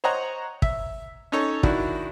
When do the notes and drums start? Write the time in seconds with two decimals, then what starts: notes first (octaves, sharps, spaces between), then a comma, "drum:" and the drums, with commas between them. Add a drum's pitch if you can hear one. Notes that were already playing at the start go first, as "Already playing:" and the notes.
0.04 C5 C#5 D#5 F#5 A#5
0.62 E5, drum: kick
1.32 C#4 D#4 A4 C#5 C#6
1.63 D#3 D4 E4 F#4, drum: kick